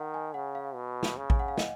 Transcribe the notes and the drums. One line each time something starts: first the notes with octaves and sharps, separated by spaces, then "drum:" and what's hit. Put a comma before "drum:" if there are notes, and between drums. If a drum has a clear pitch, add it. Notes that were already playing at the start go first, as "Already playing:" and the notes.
Already playing: D#3 D#5 F#5
G#5
C#3 F#5
F5
B2
drum: snare
C#3
G#5, drum: kick A1
F#5
F5
D#5, drum: snare